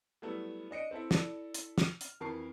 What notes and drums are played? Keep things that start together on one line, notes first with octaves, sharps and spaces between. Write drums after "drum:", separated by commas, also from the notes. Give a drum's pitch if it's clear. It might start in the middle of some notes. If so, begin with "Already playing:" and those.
F#3 G3 A3 B3 E4
D4 D#5 C#7 D7
C4 E4 A4 E5
E4 A4 D5, drum: snare
drum: hi-hat
F6, drum: snare
drum: hi-hat
F2 E3 A#4 A5 C#6 C7